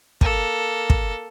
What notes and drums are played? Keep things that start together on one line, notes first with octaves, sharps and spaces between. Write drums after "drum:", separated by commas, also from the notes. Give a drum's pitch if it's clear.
A#3 A4, drum: kick
drum: kick